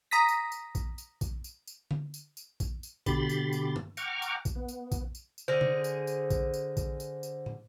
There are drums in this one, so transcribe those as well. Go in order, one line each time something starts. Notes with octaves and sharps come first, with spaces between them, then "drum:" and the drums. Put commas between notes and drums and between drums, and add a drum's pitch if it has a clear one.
A#5 D#6 A#6 B6
drum: tambourine
drum: tambourine
drum: kick A#1, tambourine
drum: tambourine
drum: kick A#1, tambourine
drum: tambourine
drum: tambourine
drum: tom D3
drum: tambourine
drum: tambourine
drum: kick A#1, tambourine
drum: tambourine
B2 D3 G4 B5 C6 A6, drum: kick A#1, tambourine
drum: tambourine
drum: tambourine
drum: tom
F#5 G5 A#5 C#6 D6 F6, drum: tambourine
drum: tambourine
drum: kick A#1, tambourine
B3
drum: tambourine
drum: kick A#1, tambourine
drum: tambourine
drum: tambourine
D3 G#4 C5 F6 A#6
drum: tom
drum: tambourine
drum: tambourine
drum: kick A#1, tambourine
drum: tambourine
drum: kick A#1, tambourine
drum: tambourine
drum: tambourine
drum: tom